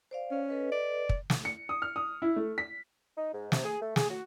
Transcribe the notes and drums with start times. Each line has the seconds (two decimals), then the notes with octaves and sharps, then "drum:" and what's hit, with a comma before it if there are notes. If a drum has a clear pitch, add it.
0.11 C5 D5 F5
0.31 C#4
0.49 A4 B4 D#5
0.72 D5
1.09 drum: kick
1.30 drum: snare
1.45 C#7
1.69 D#6
1.82 F6
1.96 D#6
2.22 E4
2.36 A3
2.58 B6
3.17 D#4
3.34 G#2
3.52 C3, drum: snare
3.65 G#4
3.82 A3
3.96 G#4, drum: snare
4.10 F#4